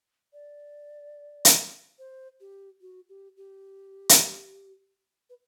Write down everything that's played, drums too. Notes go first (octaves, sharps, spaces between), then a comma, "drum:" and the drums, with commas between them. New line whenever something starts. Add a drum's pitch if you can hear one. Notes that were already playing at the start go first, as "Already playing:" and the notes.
D5
drum: hi-hat
C5
G4
F#4
G4
G4
drum: hi-hat
B4